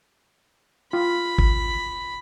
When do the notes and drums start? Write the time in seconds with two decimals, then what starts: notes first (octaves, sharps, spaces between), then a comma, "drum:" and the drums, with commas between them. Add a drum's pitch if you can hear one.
0.93 F4 B5
1.38 drum: kick G#1